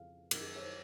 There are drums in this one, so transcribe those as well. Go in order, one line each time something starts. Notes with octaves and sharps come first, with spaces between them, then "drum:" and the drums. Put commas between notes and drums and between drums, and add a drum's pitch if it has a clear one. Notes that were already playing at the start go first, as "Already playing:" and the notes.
Already playing: F2 C#3 F3 F5
F#2 D#3 A#4, drum: cymbal
G#4
C#5
C5